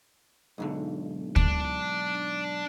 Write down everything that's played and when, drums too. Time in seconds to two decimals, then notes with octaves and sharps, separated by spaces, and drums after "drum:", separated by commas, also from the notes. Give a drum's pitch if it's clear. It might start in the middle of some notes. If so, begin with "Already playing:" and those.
0.58 B1 G#2 D3
1.36 D4, drum: kick